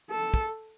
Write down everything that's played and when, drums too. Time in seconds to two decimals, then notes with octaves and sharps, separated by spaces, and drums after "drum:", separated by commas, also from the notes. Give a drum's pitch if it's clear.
0.11 A4
0.34 drum: kick